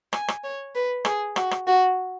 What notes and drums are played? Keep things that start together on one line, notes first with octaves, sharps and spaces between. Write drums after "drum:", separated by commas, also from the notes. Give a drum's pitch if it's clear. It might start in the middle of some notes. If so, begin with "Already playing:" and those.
G#5, drum: rim click
drum: rim click
C#5
B4
G#4, drum: rim click
F#4, drum: rim click
drum: rim click
F#4